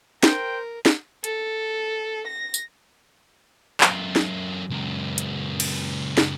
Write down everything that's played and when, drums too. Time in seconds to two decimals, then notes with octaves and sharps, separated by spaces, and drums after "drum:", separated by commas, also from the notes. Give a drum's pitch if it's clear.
0.23 A#4 C5 G5, drum: snare
0.86 drum: snare
1.24 A4, drum: hi-hat
2.27 A#6
2.54 drum: tambourine
3.81 F#2 F4, drum: clap
4.16 drum: snare
4.70 C#2 F#2
5.18 drum: hi-hat
5.60 drum: cymbal
6.17 drum: snare